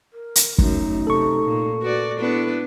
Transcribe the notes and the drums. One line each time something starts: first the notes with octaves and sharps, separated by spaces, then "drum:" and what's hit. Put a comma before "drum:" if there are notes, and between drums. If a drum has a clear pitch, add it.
A#4
drum: hi-hat
F#2 A3 D#4, drum: kick
C3 A4 C#6
A#2
F#4 B4 D5
B3 D4 E4 B4